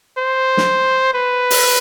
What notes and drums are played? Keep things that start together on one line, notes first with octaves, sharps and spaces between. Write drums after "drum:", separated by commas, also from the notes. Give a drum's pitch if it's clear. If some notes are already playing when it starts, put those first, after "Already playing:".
C5
drum: snare
B4
drum: open hi-hat